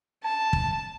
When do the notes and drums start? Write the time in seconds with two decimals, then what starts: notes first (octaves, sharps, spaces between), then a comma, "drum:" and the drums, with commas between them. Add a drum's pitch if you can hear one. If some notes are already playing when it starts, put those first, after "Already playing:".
0.24 A5
0.53 drum: kick